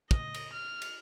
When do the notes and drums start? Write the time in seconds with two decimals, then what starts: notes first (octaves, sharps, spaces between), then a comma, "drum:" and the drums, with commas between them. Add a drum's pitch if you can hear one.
0.11 D#5, drum: kick
0.34 drum: cymbal
0.53 F6
0.82 drum: cymbal